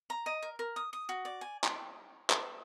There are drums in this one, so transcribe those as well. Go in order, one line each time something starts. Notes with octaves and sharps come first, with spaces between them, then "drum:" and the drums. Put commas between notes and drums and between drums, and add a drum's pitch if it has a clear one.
A#5
D#5
A#4
A#4
D#6
D#6
F#4
D5
G#5
drum: clap
drum: clap